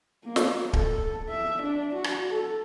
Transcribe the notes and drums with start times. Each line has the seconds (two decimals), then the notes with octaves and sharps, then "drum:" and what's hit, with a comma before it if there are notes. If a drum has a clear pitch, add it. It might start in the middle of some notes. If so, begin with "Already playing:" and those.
0.24 A#3
0.36 drum: snare
0.73 A4, drum: kick D1
1.29 E5
1.62 D4
1.95 F#4
2.04 drum: rim click
2.30 A4